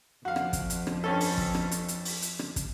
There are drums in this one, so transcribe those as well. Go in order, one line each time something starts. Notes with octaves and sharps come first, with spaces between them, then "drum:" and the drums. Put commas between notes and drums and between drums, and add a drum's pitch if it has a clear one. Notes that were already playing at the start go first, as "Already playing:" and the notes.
F2 F#4 F5
drum: rim click
drum: kick, hi-hat
drum: hi-hat
drum: rim click
G2 C#4 A4
drum: open hi-hat
drum: kick
drum: rim click
drum: hi-hat
drum: hi-hat
drum: open hi-hat
drum: hi-hat
drum: rim click
drum: kick, hi-hat